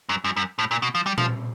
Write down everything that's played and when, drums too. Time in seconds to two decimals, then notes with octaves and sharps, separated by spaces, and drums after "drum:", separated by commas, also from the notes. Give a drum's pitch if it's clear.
0.09 F#2
0.24 F#2
0.37 F#2
0.59 A2
0.71 A#2
0.82 B2
0.95 F3
1.06 G3
1.18 F3, drum: tom A#2